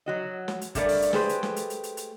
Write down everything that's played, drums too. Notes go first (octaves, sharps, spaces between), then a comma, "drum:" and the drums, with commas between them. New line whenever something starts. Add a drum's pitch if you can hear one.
F#3 F#4 D#5
drum: snare
drum: hi-hat
G2 G3 A3 A#4 D5, drum: kick G#1, hi-hat
drum: open hi-hat
drum: hi-hat
A3 G4 G#4 B4 C5, drum: snare
drum: hi-hat
drum: snare
drum: hi-hat
drum: hi-hat
drum: hi-hat
drum: hi-hat